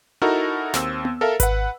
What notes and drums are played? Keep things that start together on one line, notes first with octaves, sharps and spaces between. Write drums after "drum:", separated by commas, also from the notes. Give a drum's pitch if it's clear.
D#4 E4 F#4 A4 A#4
D#2 C4 E6, drum: snare
drum: tom B3
A4 A#4 E5 F5
B4 F#5, drum: kick G#1, hi-hat